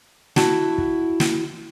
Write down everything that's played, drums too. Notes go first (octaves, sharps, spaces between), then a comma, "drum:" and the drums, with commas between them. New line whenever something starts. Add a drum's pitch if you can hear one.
E4 F#4 A5, drum: snare
drum: kick
drum: snare